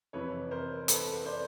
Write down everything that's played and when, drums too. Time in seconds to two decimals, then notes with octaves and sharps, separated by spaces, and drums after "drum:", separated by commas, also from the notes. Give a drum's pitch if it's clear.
0.13 F2 C3 E3 B4 C#5
0.51 A#4 C5
0.88 A4 B4, drum: hi-hat
1.26 C5 D5